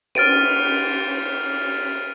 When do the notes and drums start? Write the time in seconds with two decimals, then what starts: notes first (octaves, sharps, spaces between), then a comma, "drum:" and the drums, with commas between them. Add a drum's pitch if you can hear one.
0.15 F6 A6 D7 D#7, drum: cymbal